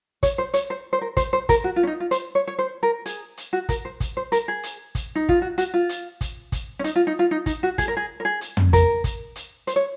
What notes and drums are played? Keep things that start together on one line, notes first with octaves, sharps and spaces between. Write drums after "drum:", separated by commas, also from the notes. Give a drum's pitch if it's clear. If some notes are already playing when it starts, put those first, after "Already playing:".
C#5, drum: kick, hi-hat
C5
C#5, drum: hi-hat
C5
C5
A#4
C5, drum: kick, hi-hat
C5
A#4, drum: kick, hi-hat
F#4
F4
C#4
D#4
F4
C5, drum: hi-hat
C#5
C#5
C5
A#4
G#4, drum: hi-hat
drum: hi-hat
F#4
A#4, drum: kick, hi-hat
C5
drum: kick, hi-hat
C5
A#4, drum: hi-hat
G#4
drum: hi-hat
drum: kick, hi-hat
D#4
F4, drum: kick
F#4
F#4, drum: hi-hat
F4
drum: hi-hat
drum: kick, hi-hat
drum: kick, hi-hat
C#4
D#4, drum: hi-hat
F4
D#4
F4
D#4
D#4, drum: kick, hi-hat
F#4
G#4, drum: kick, hi-hat
A#4
G#4
A#4
G#4
drum: hi-hat
drum: tom
A#4, drum: kick, hi-hat
drum: kick, hi-hat
drum: hi-hat
C5, drum: hi-hat
C#5